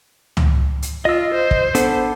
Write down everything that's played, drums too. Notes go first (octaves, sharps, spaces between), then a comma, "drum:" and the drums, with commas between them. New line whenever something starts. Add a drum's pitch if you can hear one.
drum: tom C#2
drum: hi-hat
F4 D#5 E6
C5
drum: kick
B3 D4 A4, drum: hi-hat